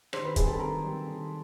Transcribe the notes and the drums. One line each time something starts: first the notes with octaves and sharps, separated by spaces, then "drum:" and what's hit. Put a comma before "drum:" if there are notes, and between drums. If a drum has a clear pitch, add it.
D#3 C5 C6, drum: rim click
B4 B5
G3 C4 G#4 G#5, drum: kick, hi-hat
A4 A5
B5
D#3 A#4 A#5
G3 C4
D#3